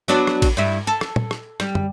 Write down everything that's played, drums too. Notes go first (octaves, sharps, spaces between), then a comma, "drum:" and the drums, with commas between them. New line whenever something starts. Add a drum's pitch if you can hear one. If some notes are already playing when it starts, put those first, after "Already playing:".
F#3 B3 D4
drum: rim click
drum: kick A1, cymbal
G2 E4
A4
drum: rim click
drum: tom
drum: rim click
G3, drum: rim click
drum: tom